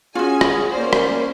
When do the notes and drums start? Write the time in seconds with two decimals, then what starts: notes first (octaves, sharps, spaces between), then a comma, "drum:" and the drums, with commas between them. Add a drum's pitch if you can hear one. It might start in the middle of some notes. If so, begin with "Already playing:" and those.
0.15 C#4 F4 F#4 G#4 G#5
0.41 drum: rim click
0.73 A#3 C5 D5
0.93 drum: rim click